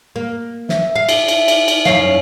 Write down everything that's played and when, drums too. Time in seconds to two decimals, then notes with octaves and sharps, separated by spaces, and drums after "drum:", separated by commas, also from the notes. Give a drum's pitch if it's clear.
0.16 A#3
0.69 E5, drum: snare
0.96 F5
1.09 drum: cymbal
1.28 drum: cymbal
1.48 drum: cymbal
1.68 drum: cymbal
1.85 F#2 C#4 F5, drum: snare